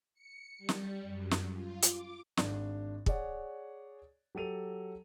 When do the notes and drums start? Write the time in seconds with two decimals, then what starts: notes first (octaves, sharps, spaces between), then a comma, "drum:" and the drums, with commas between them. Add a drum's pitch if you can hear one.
0.14 C#7
0.58 G3
0.69 drum: snare
1.02 F#2
1.31 drum: snare
1.52 F4
1.83 D6, drum: hi-hat
2.37 G#1 D4, drum: snare
3.06 G#4 C#5 D5 F#5, drum: kick
4.35 F#3 G4 A4 D#7 F7